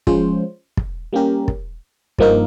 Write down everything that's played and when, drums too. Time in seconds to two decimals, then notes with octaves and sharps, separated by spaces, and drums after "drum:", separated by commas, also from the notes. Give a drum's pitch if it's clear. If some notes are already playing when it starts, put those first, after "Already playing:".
0.07 F3 G#3 C#4 F4 C5, drum: kick
0.77 drum: kick
1.13 G3 A#3 C#4 G4 A#4
1.48 drum: kick
2.19 G2 F3 A#3 D#4 A#4, drum: kick